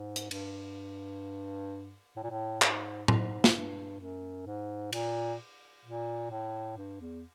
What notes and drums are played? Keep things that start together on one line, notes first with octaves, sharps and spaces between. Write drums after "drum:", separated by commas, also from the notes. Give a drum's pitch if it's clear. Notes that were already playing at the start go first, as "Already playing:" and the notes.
Already playing: G#2
drum: hi-hat
G2, drum: cymbal
A2
A#2
A2
G#2, drum: clap
G#2, drum: tom A2
drum: snare
G2
F#2
G#2
A#2, drum: cymbal
A#2
A2
G2
E2